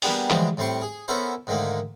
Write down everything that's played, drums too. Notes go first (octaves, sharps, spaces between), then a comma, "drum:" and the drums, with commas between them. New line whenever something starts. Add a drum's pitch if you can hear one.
G3 A#3 B3 D4 G4 G#4, drum: open hi-hat
D3 E3 F3 G3 G#3, drum: clap
A2 G3 C4 C6 C#6
G#4
B3 C#4 E4 A4 A#4 C5
G#2 D3 D#3 A3 A#3